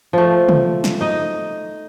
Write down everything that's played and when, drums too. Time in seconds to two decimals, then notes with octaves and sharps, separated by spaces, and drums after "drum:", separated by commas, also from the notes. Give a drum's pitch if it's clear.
0.13 F3 A3
0.49 drum: tom
0.84 drum: snare
1.01 D#4 D#5